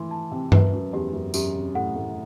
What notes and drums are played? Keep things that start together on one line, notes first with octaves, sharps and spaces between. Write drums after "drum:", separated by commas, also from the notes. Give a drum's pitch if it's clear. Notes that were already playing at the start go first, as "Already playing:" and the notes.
Already playing: A2 E3 C6
A5
C3
F#2 B4, drum: tom G2
F#2
E2 G4
F#2
F#2 G4, drum: tambourine
C3
A2 F#5
A2